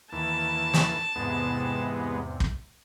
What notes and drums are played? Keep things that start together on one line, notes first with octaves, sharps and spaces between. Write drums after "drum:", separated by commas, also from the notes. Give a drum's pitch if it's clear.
D#2 E3 A5
drum: snare
E2 G#2 C3 G#3 B3
drum: kick